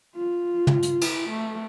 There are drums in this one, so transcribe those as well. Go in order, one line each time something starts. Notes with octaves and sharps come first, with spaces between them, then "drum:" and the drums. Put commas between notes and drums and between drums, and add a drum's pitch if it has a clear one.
F4
drum: tom
drum: hi-hat
E4, drum: cymbal
A3